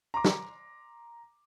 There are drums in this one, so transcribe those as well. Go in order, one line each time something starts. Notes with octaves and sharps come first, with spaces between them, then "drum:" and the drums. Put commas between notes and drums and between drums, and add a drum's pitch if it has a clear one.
A#5 C6 D6
drum: snare